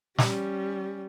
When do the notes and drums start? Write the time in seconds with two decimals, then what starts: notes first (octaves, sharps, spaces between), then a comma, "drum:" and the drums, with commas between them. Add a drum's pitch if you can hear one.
0.18 G3 C#4, drum: snare